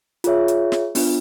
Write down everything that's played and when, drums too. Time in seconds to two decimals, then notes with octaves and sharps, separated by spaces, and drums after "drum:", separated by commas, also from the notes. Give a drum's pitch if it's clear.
0.24 F4 G#4 C#5 E5, drum: hi-hat
0.48 drum: hi-hat
0.72 drum: snare
0.95 B3 D4 F4, drum: open hi-hat